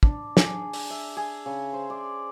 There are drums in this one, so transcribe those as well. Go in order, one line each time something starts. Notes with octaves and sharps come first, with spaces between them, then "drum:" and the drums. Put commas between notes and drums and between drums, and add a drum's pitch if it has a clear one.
D4, drum: kick
G#4, drum: snare
D5, drum: open hi-hat
E5
G#4
C#3
C5
D5